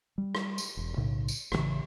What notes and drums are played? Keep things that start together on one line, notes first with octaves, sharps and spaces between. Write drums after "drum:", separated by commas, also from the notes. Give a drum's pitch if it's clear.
G3
drum: rim click
drum: tambourine
E1
B1 A2 C#3
drum: tambourine
A1 G2 C#3 E3, drum: rim click